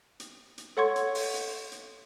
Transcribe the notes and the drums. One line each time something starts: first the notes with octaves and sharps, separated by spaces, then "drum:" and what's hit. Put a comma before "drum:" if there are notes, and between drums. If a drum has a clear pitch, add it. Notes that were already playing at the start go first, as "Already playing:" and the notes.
drum: hi-hat
drum: hi-hat
A4 C#5 F#5 C6 C#6 G#6
drum: hi-hat
drum: open hi-hat
drum: hi-hat
drum: hi-hat